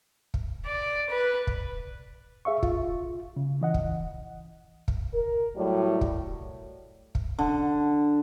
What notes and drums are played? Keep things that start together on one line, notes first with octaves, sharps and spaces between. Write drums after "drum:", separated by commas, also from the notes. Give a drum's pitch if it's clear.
drum: kick
D5
B4
drum: kick
G#4 E5 F5 C#6
F4, drum: kick
C#3
E3 D#5 F#5
drum: kick
drum: kick
A#4
A2 F#3 G3
drum: kick
drum: kick
D3